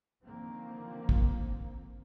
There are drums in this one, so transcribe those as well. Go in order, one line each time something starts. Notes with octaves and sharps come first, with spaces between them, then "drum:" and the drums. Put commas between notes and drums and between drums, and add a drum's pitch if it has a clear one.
D3 D#3 F3 A#3 C4
drum: kick